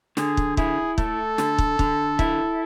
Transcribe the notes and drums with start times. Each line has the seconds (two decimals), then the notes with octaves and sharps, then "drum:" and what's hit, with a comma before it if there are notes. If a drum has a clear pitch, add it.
0.17 D3 G#4, drum: snare
0.37 drum: kick
0.57 E4 G#4, drum: kick
0.98 A3 A4, drum: kick
1.38 D3, drum: snare
1.58 drum: kick
1.79 D3, drum: kick
2.19 E4, drum: kick